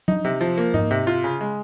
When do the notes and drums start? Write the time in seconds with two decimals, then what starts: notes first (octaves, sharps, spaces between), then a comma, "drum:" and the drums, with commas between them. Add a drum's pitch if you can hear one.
0.08 D#4, drum: tom F#3
0.25 C3
0.41 F3
0.57 A#3
0.74 D#4, drum: tom G#2
0.91 C3
1.07 F4
1.24 C#3
1.41 G#3